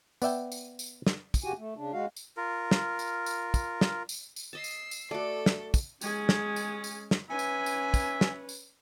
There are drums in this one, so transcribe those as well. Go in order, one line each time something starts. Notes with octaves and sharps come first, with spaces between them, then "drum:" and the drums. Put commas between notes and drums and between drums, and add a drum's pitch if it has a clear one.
B3 D5 E5 G5, drum: tambourine
drum: tambourine
drum: tambourine
drum: snare
drum: kick, tambourine
F#2 C#3 F#4 G4 G#5
A3
C#3 D4
G#3 F#4 F5
drum: tambourine
F4 A#4
drum: snare
drum: tambourine
drum: tambourine
drum: kick, tambourine
drum: snare
drum: tambourine
drum: tambourine
D#5 A5 E6 C7
drum: tambourine
drum: tambourine
A3 F#4 A4 D5
drum: snare
drum: kick, tambourine
G#3 C#4 G#4, drum: tambourine
drum: snare
drum: tambourine
drum: tambourine
drum: snare
C#4 B4 E5 G#5
drum: tambourine
drum: tambourine
drum: kick, tambourine
drum: snare
drum: tambourine